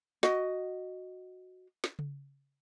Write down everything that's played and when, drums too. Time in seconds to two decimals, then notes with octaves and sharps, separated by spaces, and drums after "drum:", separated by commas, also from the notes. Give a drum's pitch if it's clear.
0.23 F#4 D#5, drum: snare
1.84 drum: snare
1.99 drum: tom C#3